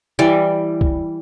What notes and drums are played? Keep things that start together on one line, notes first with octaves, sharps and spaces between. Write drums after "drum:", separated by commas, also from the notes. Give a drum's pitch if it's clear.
E3 G3 D5
drum: kick